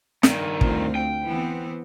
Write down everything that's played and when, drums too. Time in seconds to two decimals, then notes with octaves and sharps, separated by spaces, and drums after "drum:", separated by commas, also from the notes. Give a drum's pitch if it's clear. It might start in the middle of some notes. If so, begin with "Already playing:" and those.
0.23 G2 D#3, drum: snare
0.61 D2 C4 F4, drum: kick
0.95 G5
1.26 E3 B3 C4